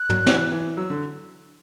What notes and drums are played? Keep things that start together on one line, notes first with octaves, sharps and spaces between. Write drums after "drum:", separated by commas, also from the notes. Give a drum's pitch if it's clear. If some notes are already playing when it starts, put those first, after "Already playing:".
Already playing: F#6
F#3, drum: tom
E3, drum: snare
E3
F#3 E6
D3